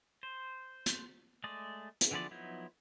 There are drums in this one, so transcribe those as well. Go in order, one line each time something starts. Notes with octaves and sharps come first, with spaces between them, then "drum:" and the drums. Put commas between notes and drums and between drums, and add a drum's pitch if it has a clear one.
C5
drum: hi-hat
G#3 A3 D5 D#6
drum: hi-hat
D3 E3 F3 B3 D5
F3 F#3 B3 D#4 E4